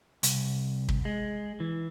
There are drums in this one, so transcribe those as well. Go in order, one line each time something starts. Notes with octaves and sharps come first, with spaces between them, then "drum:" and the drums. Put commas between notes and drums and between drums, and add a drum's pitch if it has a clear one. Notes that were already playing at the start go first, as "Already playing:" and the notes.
C2, drum: hi-hat
drum: kick
G#3
E3